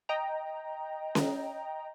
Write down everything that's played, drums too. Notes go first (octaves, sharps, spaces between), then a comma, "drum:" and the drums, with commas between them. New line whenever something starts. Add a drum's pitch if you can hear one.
D#5 G5 A#5
drum: snare C#4